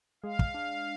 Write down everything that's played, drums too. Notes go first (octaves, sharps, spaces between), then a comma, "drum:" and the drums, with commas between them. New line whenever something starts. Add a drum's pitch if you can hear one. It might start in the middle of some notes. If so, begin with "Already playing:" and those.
G#3 F5
drum: kick
D4